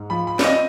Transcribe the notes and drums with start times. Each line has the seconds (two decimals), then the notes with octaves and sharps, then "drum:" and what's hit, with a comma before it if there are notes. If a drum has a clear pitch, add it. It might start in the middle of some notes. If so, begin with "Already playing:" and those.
Already playing: G#2
0.10 F3 B5
0.27 B5
0.39 D5, drum: snare
0.44 C4 D#5